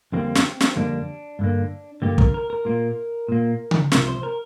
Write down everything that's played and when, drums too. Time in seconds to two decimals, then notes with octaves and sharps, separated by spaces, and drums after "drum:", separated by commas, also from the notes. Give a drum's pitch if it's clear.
0.12 F2 D3 G3 A#3 C4
0.35 drum: snare
0.60 drum: snare
0.76 F2 D3 G3 A#3 D4
1.39 G2 D3 A#3
2.02 G2 D3 A#3 G4
2.18 A#4, drum: kick
2.34 A#4
2.50 A#4
2.65 A#2 A#3
3.28 A#2 A#3
3.71 drum: tom C#3
3.92 C2 C3 F3 A#4, drum: snare
4.07 C5
4.23 A#4